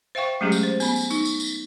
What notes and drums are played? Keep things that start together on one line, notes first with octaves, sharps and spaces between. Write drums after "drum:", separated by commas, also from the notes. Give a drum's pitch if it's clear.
C5 E5 F5 G5 C#6
F#3 G#3 A3 C#4 G4 G#4
drum: tambourine
C5
B3 B5, drum: tambourine
drum: tambourine
D#4, drum: tambourine
drum: tambourine
drum: tambourine